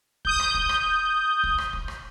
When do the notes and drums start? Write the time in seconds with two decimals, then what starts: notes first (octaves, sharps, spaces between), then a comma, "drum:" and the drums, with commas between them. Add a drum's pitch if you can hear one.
0.25 D#6 G6, drum: kick
0.40 drum: rim click
0.54 drum: kick
0.69 drum: rim click
1.43 drum: kick
1.58 drum: rim click
1.73 drum: kick
1.88 drum: rim click